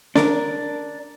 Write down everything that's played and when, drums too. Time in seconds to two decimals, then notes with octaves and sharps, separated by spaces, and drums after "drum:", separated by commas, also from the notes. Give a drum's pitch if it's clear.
0.15 D4 A#4, drum: snare C#4